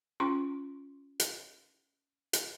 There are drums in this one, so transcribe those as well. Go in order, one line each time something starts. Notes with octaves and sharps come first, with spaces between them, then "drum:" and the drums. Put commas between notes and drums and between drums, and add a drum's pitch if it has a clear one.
C#4 F4 G5 C6 C#6
drum: hi-hat
drum: hi-hat